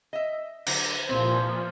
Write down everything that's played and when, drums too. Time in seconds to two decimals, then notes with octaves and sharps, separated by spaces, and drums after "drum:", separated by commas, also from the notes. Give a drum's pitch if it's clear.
0.13 D#5 E5
0.66 D3 F#3, drum: cymbal
1.09 C2 A#2 F3 C4 C5